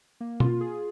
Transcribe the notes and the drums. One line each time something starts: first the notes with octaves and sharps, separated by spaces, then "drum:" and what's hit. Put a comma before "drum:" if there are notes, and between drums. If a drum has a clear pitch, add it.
A#3
F4, drum: tom B2
G#4